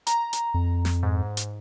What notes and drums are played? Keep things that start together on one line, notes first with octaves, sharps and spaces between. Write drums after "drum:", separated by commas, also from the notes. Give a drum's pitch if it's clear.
A#5, drum: hi-hat
drum: hi-hat
F2
drum: snare
G#2
drum: hi-hat